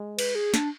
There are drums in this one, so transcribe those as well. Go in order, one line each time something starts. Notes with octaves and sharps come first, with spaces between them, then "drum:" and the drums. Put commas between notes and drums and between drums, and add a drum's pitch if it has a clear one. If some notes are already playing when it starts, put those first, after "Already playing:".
Already playing: G#3
B4, drum: cymbal
G#4
D4, drum: snare